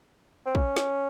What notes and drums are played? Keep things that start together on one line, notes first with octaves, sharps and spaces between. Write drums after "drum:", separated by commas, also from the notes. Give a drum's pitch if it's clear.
C4
C#4, drum: kick
drum: snare